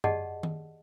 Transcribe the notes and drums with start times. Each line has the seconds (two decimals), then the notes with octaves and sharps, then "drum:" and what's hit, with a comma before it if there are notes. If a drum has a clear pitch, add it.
0.04 G4 G#4 D5 D#5 F#5 A5, drum: tom F#2
0.43 drum: tom D#3